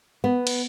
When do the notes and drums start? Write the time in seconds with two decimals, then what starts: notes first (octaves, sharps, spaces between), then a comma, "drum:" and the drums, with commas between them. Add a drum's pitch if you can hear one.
0.24 B3
0.47 drum: cymbal